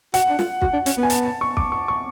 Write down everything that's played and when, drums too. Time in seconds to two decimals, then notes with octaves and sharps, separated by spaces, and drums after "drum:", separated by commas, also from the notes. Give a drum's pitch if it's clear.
0.14 F#4 F#5, drum: hi-hat
0.30 D4
0.39 F4, drum: snare
0.62 F#4, drum: kick
0.73 D4
0.86 C#4, drum: hi-hat
0.98 B3
1.03 G#5
1.10 A5, drum: hi-hat
1.25 A5
1.41 C#6
1.57 D6, drum: kick
1.72 C#6
1.88 C#6